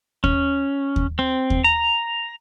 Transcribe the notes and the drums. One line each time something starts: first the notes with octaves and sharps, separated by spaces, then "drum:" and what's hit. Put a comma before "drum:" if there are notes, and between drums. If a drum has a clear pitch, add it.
C#4, drum: kick D#2
drum: kick D#2
C4
drum: kick D#2
A#5